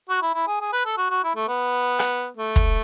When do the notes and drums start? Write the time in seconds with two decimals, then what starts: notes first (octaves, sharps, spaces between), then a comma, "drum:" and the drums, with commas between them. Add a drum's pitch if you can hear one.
0.10 F#4
0.22 E4
0.35 E4
0.48 G#4
0.60 G#4
0.73 B4
0.86 A4
0.98 F#4
1.10 F#4
1.24 E4
1.36 A3
1.48 B3
1.99 drum: rim click
2.37 A3
2.56 drum: kick